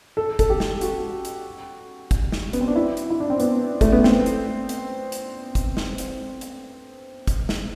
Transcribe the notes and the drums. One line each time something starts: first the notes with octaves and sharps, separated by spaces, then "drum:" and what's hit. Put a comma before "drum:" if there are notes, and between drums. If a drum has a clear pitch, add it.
A4
A4, drum: kick, hi-hat
G4
drum: snare
F#4, drum: hi-hat
drum: hi-hat
drum: kick, hi-hat
drum: snare
B3, drum: hi-hat
C4
D4
E4
drum: hi-hat
E4
D4
C4
B3, drum: hi-hat
A3, drum: kick, hi-hat
B3
C4, drum: snare
drum: hi-hat
drum: hi-hat
drum: hi-hat
drum: kick, hi-hat
drum: snare
drum: hi-hat
drum: hi-hat
drum: kick, hi-hat
drum: snare